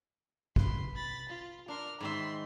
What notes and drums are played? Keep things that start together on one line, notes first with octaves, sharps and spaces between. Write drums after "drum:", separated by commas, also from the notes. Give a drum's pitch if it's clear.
B4 C6, drum: kick
B5 A6
F4
D4 A#4 C6 F6
G#2 D#3 E5 B5 C6